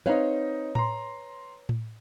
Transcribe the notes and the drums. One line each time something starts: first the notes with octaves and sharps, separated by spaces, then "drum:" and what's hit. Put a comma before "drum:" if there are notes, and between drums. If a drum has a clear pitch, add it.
C4 D#4 B4 C#5 F5
A#5 C6, drum: tom A2
drum: tom A2